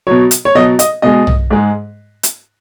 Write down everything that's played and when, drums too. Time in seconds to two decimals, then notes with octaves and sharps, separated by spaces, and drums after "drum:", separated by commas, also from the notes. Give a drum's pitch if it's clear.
0.07 B2 F#3 C#5
0.31 drum: hi-hat
0.45 C#5
0.55 B2 F#3 D#5
0.79 D#5, drum: hi-hat
1.02 B2 G#3 D#5
1.27 drum: tom B1
1.51 G#2 G#3
2.23 drum: hi-hat